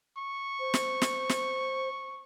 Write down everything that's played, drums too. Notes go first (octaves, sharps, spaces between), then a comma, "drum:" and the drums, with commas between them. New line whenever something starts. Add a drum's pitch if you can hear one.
C#6
C5
drum: snare
drum: snare
drum: snare